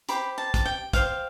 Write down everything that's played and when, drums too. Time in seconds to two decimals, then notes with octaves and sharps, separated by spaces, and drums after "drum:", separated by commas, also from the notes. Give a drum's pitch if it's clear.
0.09 G4 C5 B5, drum: hi-hat
0.38 A5
0.54 A5, drum: kick, hi-hat
0.66 G5
0.93 G4 C5 F5, drum: kick, hi-hat